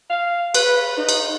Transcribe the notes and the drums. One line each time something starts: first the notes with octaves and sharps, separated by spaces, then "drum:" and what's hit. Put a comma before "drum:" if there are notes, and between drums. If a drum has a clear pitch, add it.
F5
B4, drum: cymbal
D#4
drum: cymbal